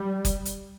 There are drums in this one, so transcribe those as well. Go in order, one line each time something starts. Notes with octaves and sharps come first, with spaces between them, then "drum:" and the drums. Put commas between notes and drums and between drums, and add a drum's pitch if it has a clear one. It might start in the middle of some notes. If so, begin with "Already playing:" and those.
Already playing: G3
drum: kick F#1, hi-hat
drum: hi-hat